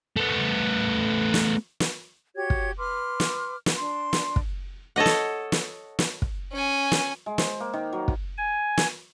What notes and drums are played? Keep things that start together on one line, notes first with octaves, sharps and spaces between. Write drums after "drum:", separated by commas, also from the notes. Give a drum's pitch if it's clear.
A3 B3
drum: snare
drum: snare
F#4 G4 C#5 G#6
drum: kick
B4 C6 D6 F6
drum: snare
drum: snare
D4 C6
drum: snare
drum: kick
A4 C#5 D#5 F#5
drum: snare
drum: snare
drum: snare
drum: kick
C#4 G#5
drum: snare
G#3
C5, drum: snare
A#3
D#3
F#3
drum: kick
G#5
drum: snare